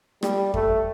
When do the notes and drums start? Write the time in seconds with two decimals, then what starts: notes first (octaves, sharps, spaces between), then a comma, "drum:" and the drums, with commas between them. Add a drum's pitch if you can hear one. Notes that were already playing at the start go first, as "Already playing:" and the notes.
0.23 G3, drum: rim click
0.54 A3, drum: kick F2